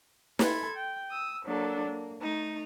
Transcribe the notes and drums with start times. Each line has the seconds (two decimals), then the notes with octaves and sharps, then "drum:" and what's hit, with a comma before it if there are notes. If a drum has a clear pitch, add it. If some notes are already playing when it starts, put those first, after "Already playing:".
0.39 A4 B5 C6 G#6, drum: snare
0.76 G5
1.09 D#6 E6
1.44 F#3 A#3 D4 A4
1.86 A#3
2.20 A3 D#4